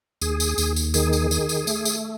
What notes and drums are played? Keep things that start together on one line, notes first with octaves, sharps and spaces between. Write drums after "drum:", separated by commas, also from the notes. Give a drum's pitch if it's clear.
D#2 G#4, drum: tambourine
drum: tambourine
D#2, drum: tambourine
drum: tambourine
D#3 G#4, drum: tambourine
drum: tambourine
D#3, drum: tambourine
drum: tambourine
A3, drum: tambourine
drum: tambourine